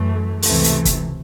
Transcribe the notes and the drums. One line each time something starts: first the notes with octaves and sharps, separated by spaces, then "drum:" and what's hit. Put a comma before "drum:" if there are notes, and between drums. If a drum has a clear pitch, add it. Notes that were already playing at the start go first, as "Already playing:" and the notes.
Already playing: F#2 E3 A3
C#2 C3 E3 A3, drum: open hi-hat
drum: hi-hat
drum: kick, hi-hat